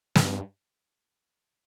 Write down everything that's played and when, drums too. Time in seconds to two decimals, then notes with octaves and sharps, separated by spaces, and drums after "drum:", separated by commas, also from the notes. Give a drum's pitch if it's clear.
0.16 A2, drum: snare
0.22 G2